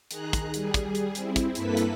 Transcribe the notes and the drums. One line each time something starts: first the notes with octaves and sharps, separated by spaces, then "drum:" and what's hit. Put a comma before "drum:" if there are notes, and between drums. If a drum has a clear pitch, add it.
D#3 G#4 A#5 F#6, drum: hi-hat
drum: kick, hi-hat
G3 G#4, drum: hi-hat
drum: kick, hi-hat
drum: hi-hat
C4 E4, drum: hi-hat
drum: kick, hi-hat
G2 A#3 E4 A4 B4 B6, drum: hi-hat
drum: hi-hat